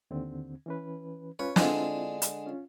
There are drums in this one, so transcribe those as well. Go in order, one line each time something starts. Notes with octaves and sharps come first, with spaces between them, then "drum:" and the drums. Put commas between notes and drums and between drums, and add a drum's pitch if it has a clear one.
D#2 D3 C4
E3 C#4 B4
C#4 F4 B4 C#5
D3 G#3 C4 D4 E4 F4, drum: snare
drum: hi-hat
C#4 F4